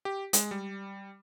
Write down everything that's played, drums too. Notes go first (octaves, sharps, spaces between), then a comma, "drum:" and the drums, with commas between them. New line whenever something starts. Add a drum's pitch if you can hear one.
G4
G#3, drum: hi-hat
G3